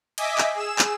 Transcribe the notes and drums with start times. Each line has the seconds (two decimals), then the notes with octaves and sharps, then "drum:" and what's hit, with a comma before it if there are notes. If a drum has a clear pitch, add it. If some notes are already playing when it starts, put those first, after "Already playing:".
0.18 D#5 E5 G#5 D6 B6, drum: cymbal
0.38 drum: clap
0.54 G#4 E6 E7
0.79 drum: clap